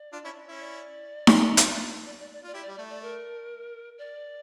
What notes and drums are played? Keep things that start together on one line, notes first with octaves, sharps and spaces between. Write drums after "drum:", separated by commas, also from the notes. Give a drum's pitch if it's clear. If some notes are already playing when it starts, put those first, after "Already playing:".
Already playing: D5
D4 F4
C#4 E4
C#4 E4
D5
drum: snare D#4
D4 F4, drum: hi-hat
D5
D5
D5
F4 D5
E4 G4
D5
G3
A3 D5
D5
A#4
D5